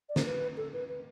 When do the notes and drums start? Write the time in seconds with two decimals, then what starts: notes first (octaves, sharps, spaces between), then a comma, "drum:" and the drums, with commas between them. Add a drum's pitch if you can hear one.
0.09 D5
0.16 C5, drum: snare
0.25 B4
0.57 A4
0.73 B4
0.89 B4